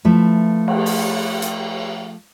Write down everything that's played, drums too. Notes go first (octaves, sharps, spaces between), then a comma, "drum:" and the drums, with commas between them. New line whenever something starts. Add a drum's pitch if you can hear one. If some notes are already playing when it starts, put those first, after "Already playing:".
F3 A3 E4 B4
drum: cymbal
drum: open hi-hat
drum: hi-hat